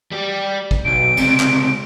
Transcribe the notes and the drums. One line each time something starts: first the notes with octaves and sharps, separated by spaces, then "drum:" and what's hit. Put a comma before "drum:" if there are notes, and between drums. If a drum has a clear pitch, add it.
G3 G4
drum: kick
B1 D7
C#2 C3, drum: cymbal
drum: clap